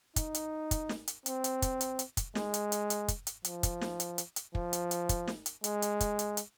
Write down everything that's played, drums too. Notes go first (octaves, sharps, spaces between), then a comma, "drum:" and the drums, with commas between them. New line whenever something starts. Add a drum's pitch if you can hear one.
D#4, drum: kick, hi-hat
drum: hi-hat
drum: kick, hi-hat
drum: snare
drum: hi-hat
C4, drum: hi-hat
drum: hi-hat
drum: kick, hi-hat
drum: hi-hat
drum: hi-hat
drum: kick, hi-hat
G#3, drum: snare
drum: hi-hat
drum: hi-hat
drum: hi-hat
drum: kick, hi-hat
drum: hi-hat
F3, drum: hi-hat
drum: kick, hi-hat
drum: snare
drum: hi-hat
drum: hi-hat
drum: hi-hat
F3, drum: kick
drum: hi-hat
drum: hi-hat
drum: kick, hi-hat
drum: snare
drum: hi-hat
G#3, drum: hi-hat
drum: hi-hat
drum: kick, hi-hat
drum: hi-hat
drum: hi-hat